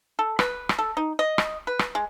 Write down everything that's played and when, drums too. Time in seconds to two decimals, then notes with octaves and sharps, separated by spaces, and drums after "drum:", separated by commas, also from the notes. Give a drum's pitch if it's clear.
0.19 A4
0.39 B4, drum: rim click
0.69 drum: rim click
0.79 A4
0.97 D#4
1.19 D#5
1.38 drum: rim click
1.67 B4
1.79 drum: rim click
1.95 G#3